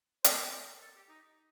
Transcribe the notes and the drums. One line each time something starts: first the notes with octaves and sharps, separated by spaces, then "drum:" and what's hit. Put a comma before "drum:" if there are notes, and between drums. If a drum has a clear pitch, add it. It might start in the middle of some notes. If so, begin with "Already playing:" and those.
C5, drum: hi-hat
C5
A#4
A4
G4
D#4